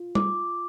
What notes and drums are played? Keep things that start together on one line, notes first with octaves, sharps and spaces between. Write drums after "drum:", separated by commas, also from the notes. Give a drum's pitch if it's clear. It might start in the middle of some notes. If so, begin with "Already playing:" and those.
Already playing: F4
D6, drum: tom G3